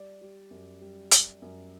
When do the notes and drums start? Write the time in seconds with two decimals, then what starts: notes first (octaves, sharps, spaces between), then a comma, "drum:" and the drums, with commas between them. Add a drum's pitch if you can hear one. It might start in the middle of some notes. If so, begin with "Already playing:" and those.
Already playing: G3 D5
0.21 G3
0.51 F#2
0.81 G3
1.11 G3, drum: hi-hat
1.42 F#2